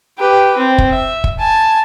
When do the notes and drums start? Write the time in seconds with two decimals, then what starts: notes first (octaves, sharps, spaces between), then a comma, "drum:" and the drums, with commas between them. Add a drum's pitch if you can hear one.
0.18 G4 B4
0.57 C4
0.78 drum: kick
0.90 E5
1.24 drum: kick
1.39 G#5 A5